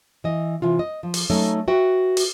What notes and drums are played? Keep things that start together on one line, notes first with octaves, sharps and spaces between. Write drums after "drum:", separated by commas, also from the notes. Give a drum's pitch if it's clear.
E3 D#5
C3 E3 F4
D#5
F3
drum: open hi-hat
F#3 A3 C#4 D#4 A4
F#4 B4 E5 G5
drum: open hi-hat